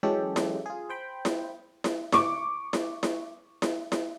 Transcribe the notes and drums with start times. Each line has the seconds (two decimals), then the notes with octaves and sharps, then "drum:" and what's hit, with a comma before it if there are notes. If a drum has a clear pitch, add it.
0.03 E3 F#3 G#3 C#4 G4 A4
0.36 drum: snare E4
0.66 F4 G#4
0.89 C5 G5 B5
1.25 drum: snare E4
1.84 drum: snare E4
2.12 C#6 D6, drum: snare E4
2.73 drum: snare E4
3.03 drum: snare E4
3.62 drum: snare E4
3.92 drum: snare E4